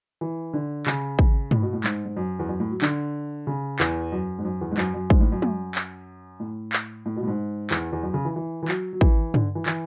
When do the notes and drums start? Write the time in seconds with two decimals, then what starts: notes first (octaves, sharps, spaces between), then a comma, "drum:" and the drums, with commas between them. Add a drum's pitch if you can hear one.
0.21 E3
0.53 D3
0.86 C#3, drum: clap
1.19 drum: kick
1.51 A2, drum: tom
1.62 B2
1.73 A2
1.84 G#2, drum: clap
2.05 G#2
2.16 F#2
2.39 E2
2.49 F#2
2.60 A2
2.71 F#3
2.82 D3, drum: clap
3.47 C#3
3.79 E2, drum: clap
4.12 F#2
4.38 G#2
4.45 F#2
4.61 E2
4.71 G#2
4.78 F#2, drum: clap
4.94 F#2
5.10 G#2, drum: kick
5.21 A2
5.32 F#2
5.42 F#2, drum: tom
5.75 drum: clap
6.40 A2
6.73 drum: clap
7.06 A2
7.16 B2
7.23 A2
7.27 G#2
7.71 E2, drum: clap
7.93 E2
8.03 F#2
8.14 C#3
8.25 E3
8.36 E3
8.63 E3
8.68 F#3, drum: clap
8.93 F#3
9.01 E3, drum: kick
9.34 D3, drum: tom
9.55 E3
9.66 E3, drum: clap